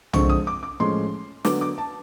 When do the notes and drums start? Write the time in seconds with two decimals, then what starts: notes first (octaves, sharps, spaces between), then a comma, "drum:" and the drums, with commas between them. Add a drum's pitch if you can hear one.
0.13 D3 F3 G#3 C4 C#6, drum: tom
0.30 D#6
0.47 D6
0.63 D6
0.80 A2 F3 G#3 C#4 C6
1.45 D3 F#3 B3 D6, drum: snare
1.61 D6
1.78 A5